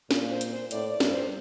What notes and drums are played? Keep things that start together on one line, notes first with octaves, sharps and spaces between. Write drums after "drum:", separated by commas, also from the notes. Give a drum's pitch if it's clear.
A#2, drum: snare
C5
drum: hi-hat
C5
A2 D5, drum: hi-hat
D5
G2, drum: snare
C5